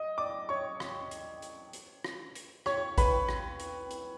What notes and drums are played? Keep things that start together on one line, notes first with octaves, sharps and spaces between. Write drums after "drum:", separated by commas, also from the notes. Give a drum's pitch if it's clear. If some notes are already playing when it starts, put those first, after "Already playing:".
Already playing: D#5 D#6
D5 D6
C#5 C#6
drum: rim click
drum: hi-hat
drum: hi-hat
drum: hi-hat
drum: rim click
drum: hi-hat
C#5 C#6, drum: rim click
B4 B5, drum: kick A1, hi-hat
drum: rim click
drum: hi-hat
drum: hi-hat